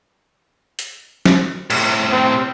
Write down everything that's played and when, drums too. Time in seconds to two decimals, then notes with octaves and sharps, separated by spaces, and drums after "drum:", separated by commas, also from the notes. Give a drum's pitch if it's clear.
0.79 drum: hi-hat
1.26 drum: snare
1.70 A2 C3, drum: cymbal
2.12 C4